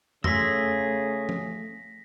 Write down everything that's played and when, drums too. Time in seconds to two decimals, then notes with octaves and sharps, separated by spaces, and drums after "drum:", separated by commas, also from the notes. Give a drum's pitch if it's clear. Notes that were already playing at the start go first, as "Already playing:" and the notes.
0.24 C#3 A3 G#4 C6 E6 A#6 B6, drum: tom E2
1.29 drum: tom F3